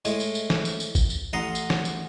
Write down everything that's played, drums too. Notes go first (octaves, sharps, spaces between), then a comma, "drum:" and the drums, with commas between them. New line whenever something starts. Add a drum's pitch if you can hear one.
A2 G#3 G#5, drum: tambourine
drum: tambourine
drum: tambourine
drum: snare
drum: tambourine
drum: tambourine
drum: kick G#1, tambourine
drum: tambourine
A1 F#5 A#5 C6 D#6
drum: tambourine
drum: snare
drum: tambourine